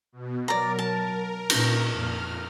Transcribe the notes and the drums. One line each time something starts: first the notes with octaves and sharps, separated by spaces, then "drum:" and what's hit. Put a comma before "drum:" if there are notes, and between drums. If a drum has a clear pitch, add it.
B2
F#3 A#4 D5 A#5
A5
A#2, drum: cymbal
F2 A#2 F6